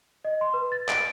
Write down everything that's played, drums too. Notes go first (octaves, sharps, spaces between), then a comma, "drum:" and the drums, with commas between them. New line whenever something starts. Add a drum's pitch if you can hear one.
D#5
C6
B4
A6
D7, drum: clap